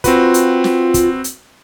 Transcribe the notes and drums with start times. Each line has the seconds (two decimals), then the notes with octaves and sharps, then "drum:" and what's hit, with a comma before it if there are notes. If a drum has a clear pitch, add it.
0.04 C4 F4 F#4 B4, drum: kick, hi-hat
0.34 drum: hi-hat
0.64 drum: snare
0.94 drum: kick, hi-hat
1.24 drum: hi-hat